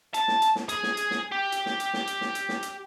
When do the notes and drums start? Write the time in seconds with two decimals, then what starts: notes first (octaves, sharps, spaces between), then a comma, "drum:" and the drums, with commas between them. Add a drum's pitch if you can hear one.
0.14 A5, drum: hi-hat
0.28 drum: snare
0.42 drum: hi-hat
0.56 drum: snare
0.69 G#4, drum: hi-hat
0.83 drum: snare
0.97 drum: hi-hat
1.11 drum: snare
1.32 G4
1.52 drum: hi-hat
1.66 drum: snare
1.80 drum: hi-hat
1.94 drum: snare
2.07 drum: hi-hat
2.21 drum: snare
2.35 drum: hi-hat
2.49 drum: snare
2.63 drum: hi-hat